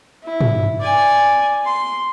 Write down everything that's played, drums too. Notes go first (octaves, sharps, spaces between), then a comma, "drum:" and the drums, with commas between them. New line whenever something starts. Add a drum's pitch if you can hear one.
E4
drum: tom
D5 G#5
C6